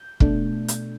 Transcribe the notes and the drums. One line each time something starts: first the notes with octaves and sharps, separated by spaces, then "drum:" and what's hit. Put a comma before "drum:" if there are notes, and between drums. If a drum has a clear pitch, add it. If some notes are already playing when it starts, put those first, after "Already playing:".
Already playing: G6
B2 A3 D4, drum: kick
drum: hi-hat